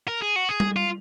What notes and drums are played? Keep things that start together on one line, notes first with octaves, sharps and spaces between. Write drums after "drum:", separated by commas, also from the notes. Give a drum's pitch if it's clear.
A#4
G#4
F#4
G#4
drum: tom G3
F4